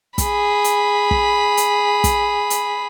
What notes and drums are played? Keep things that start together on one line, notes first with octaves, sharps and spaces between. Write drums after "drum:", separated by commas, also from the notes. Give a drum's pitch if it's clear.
G#4 B5, drum: kick, hi-hat
drum: hi-hat
drum: kick
drum: hi-hat
drum: kick, hi-hat
drum: hi-hat